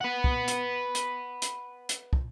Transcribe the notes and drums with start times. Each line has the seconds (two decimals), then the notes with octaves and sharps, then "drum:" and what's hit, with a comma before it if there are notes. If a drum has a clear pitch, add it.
0.01 B4 F#5
0.24 drum: kick
0.48 drum: hi-hat
0.95 drum: hi-hat
1.42 drum: hi-hat
1.89 drum: hi-hat
2.13 drum: kick